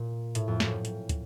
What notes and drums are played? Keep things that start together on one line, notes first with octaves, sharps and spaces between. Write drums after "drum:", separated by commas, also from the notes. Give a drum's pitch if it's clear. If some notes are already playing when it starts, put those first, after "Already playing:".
Already playing: A#2
A2, drum: hi-hat
F2
F#2, drum: snare
drum: hi-hat
drum: kick, hi-hat